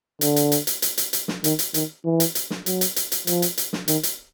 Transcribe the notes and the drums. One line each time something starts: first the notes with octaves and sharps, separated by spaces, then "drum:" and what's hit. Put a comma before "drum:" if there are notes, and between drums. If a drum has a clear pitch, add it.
D3, drum: hi-hat
drum: hi-hat
drum: hi-hat
drum: hi-hat
drum: hi-hat
drum: hi-hat
drum: hi-hat
drum: snare
D#3, drum: hi-hat
drum: hi-hat
D#3, drum: hi-hat
E3
drum: hi-hat
drum: hi-hat
drum: snare
F#3, drum: hi-hat
drum: hi-hat
drum: hi-hat
drum: hi-hat
F3, drum: hi-hat
drum: hi-hat
drum: hi-hat
drum: snare
D#3, drum: hi-hat
drum: hi-hat